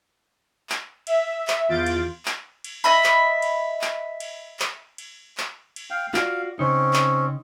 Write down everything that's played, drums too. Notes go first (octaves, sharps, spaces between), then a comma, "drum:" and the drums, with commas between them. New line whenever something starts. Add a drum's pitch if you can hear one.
drum: clap
E5, drum: cymbal
drum: clap
E2 F4 G6 A6 D7
drum: cymbal
drum: clap
drum: cymbal
D#5 E5 B5
drum: clap
drum: cymbal
drum: clap
drum: cymbal
drum: clap
drum: cymbal
drum: clap
drum: cymbal
F5 G5
F4 F#4 D5 F5, drum: clap
C#3 C4 C#4 D#4
drum: clap